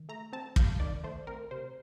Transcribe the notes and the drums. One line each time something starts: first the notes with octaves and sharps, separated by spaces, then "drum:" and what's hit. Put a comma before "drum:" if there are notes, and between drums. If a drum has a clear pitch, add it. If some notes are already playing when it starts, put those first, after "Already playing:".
Already playing: D#3
A3 A#5
C4 A5
C3 F5, drum: kick
D#3 D5
A3 C5
C4 A#4
C3 C5